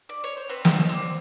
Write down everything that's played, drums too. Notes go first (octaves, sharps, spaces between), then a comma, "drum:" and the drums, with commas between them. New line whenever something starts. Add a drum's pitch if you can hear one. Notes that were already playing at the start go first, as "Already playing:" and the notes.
D5
C#5
C5
C4 B4
C4 D#5, drum: snare
C#5
C4 D5